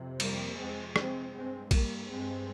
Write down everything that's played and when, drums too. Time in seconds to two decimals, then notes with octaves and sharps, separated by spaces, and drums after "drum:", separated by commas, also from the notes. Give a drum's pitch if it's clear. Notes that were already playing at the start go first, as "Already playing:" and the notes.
Already playing: F2 C3
0.20 G3 A#3, drum: cymbal
0.58 F2 C3 G#3 C4
0.96 G#3 C4, drum: rim click
1.33 G2 G#3 C4
1.71 G3 A#3, drum: kick A#1, cymbal
2.09 G2 G#3 C4